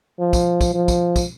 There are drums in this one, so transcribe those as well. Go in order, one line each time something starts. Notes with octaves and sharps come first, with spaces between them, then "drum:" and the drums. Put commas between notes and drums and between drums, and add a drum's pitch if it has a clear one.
F3
drum: kick, tambourine
drum: kick, tambourine
F3
drum: kick, tambourine
drum: kick, tambourine